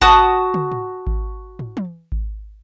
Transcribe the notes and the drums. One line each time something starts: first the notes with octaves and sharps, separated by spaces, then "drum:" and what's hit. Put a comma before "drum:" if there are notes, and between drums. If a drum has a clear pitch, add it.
F#4 A5 D#6, drum: kick G#1
drum: tom
drum: tom
drum: kick G#1
drum: tom
drum: tom
drum: kick G#1